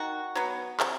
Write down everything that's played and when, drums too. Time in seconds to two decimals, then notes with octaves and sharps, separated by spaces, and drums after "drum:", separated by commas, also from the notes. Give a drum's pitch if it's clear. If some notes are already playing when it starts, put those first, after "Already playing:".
Already playing: D#3 F#4
0.35 F#3 B3
0.80 C3, drum: clap